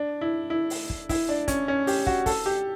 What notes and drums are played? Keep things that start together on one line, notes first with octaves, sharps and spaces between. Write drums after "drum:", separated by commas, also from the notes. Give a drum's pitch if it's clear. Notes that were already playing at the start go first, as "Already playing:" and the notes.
Already playing: D4
E4
E4
drum: open hi-hat
drum: kick
E4, drum: kick, open hi-hat
D4
C#4, drum: kick, hi-hat
C#4
G4, drum: open hi-hat
F#4, drum: kick
A4, drum: kick, open hi-hat
G4